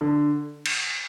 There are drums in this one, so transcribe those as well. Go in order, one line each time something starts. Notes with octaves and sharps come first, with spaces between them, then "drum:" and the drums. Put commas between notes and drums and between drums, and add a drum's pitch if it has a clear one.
D3
drum: cymbal